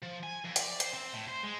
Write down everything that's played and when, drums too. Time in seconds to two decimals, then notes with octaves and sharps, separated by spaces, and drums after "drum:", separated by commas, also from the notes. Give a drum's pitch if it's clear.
0.03 F3
0.23 G#5
0.44 F2
0.56 D5, drum: hi-hat
0.80 C5, drum: hi-hat
0.94 C4
1.13 A2
1.28 C5
1.43 G#3